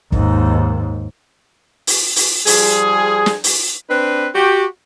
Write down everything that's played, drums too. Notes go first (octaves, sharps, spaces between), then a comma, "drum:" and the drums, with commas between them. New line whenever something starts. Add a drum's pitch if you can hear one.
D#2 G#2, drum: kick
drum: open hi-hat
drum: open hi-hat
F3 G3 G#4, drum: open hi-hat
drum: snare
drum: open hi-hat
C4 D4 B4
F#4 G4